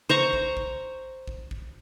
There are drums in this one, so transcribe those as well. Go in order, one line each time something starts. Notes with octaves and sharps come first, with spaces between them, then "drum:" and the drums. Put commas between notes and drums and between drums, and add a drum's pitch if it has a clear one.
C5 A#5 C#6
drum: kick
drum: kick
drum: kick
drum: kick